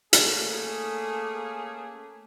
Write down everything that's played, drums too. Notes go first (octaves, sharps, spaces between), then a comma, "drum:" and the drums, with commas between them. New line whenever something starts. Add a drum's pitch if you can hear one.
A3 A#3 C#4 G#4, drum: hi-hat